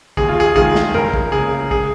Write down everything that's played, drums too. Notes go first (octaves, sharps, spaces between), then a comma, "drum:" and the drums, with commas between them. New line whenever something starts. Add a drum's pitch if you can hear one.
D#2 G#4, drum: kick
F4
G#4
D#3 G#3 F4 G#4, drum: kick
drum: snare
C#2 A#4, drum: tom F#2
drum: kick
C#3 A#3 G#4
G#4, drum: kick